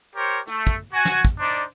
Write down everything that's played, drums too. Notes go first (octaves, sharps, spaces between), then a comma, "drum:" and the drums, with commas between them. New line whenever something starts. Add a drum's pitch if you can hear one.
G4 A#4 C5 C#5
A3, drum: hi-hat
drum: kick, hi-hat
F#4 G#5
drum: snare
drum: kick, hi-hat
D4 D#4 C5 D5